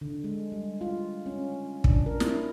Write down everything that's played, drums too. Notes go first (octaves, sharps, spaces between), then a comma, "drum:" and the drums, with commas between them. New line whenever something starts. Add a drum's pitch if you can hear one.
D3
G#3
G3
F4
C#4
D4, drum: kick
A#4
E4, drum: snare